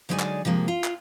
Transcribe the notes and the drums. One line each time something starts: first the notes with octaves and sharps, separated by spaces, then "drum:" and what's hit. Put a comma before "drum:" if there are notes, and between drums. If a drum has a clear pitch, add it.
D3 F#3 G#3 D#4 D5 G#5
drum: clap
C3 F3 G#3 A#3
F4
drum: clap